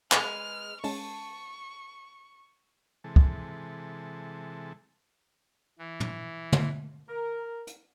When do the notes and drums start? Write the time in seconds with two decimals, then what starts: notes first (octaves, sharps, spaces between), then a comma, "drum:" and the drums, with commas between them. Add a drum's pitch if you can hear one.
0.12 G#3 B4 F6, drum: clap
0.84 G#3 C#4 A5 C#6, drum: open hi-hat
3.04 C3 E3 G#3 A4
3.16 drum: kick
5.79 E3
6.00 drum: tom
6.52 drum: tom
7.09 A#4
7.67 drum: hi-hat